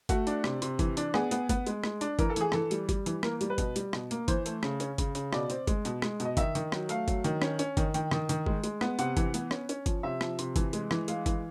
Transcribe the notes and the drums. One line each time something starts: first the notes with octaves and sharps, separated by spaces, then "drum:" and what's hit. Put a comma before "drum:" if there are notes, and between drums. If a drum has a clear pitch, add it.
A3 F#4, drum: kick G1, hi-hat
D4, drum: hi-hat
C3, drum: rim click
C3, drum: hi-hat
E3, drum: kick G1, hi-hat
D4, drum: hi-hat
B3 G#4, drum: rim click
B3, drum: hi-hat
B3, drum: kick G1, hi-hat
G#3, drum: hi-hat
G#3, drum: rim click
D4, drum: hi-hat
E3 A#4, drum: kick G1, hi-hat
A4
E3 G#4, drum: hi-hat
E3 A4, drum: rim click
G3, drum: hi-hat
G3, drum: kick G1, hi-hat
E3, drum: hi-hat
A#3 A#4, drum: rim click
G3, drum: hi-hat
B4
B2, drum: kick G1, hi-hat
G3, drum: hi-hat
B2, drum: rim click
A#3, drum: hi-hat
E3 C5, drum: kick G1, hi-hat
A3, drum: hi-hat
C#3, drum: rim click
C#4, drum: hi-hat
C#3, drum: kick G1, hi-hat
C#3, drum: hi-hat
B2 D5, drum: rim click
C4, drum: hi-hat
G#3, drum: kick G1, hi-hat
B2, drum: hi-hat
G#3, drum: rim click
B2, drum: hi-hat
D#5
D#3 E5, drum: kick G1, hi-hat
D#3, drum: hi-hat
F#3, drum: rim click
A3 F5, drum: hi-hat
F#3, drum: kick G1, hi-hat
D#3, drum: hi-hat
C#4, drum: rim click
C#4, drum: hi-hat
D#3, drum: kick G1, hi-hat
D#3 G5, drum: hi-hat
D#3, drum: rim click
D#3, drum: hi-hat
G#3, drum: kick G1
G#3, drum: hi-hat
B3, drum: rim click
C3 F#5, drum: hi-hat
E3, drum: kick G1, hi-hat
B3, drum: hi-hat
C#4, drum: rim click
C#4, drum: hi-hat
F3, drum: kick G1, hi-hat
C3 E5
F3, drum: rim click
C3, drum: hi-hat
E3, drum: kick G1, hi-hat
G#3, drum: hi-hat
E3, drum: rim click
G#3 F5, drum: hi-hat
E3, drum: kick G1, hi-hat